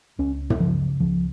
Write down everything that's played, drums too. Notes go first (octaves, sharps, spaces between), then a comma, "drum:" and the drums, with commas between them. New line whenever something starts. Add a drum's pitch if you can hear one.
C#2 C#4
drum: tom
C#3 F3
C#2 F3